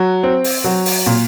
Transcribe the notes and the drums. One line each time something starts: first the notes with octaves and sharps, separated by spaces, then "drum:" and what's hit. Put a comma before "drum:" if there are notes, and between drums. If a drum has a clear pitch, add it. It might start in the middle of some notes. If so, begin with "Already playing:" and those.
Already playing: F#3
C4
drum: open hi-hat
F#3
drum: open hi-hat
A#2